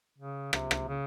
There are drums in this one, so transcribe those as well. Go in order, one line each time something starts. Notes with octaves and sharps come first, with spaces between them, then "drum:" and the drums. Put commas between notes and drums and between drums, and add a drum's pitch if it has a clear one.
C#3
C3, drum: rim click
drum: rim click
C#3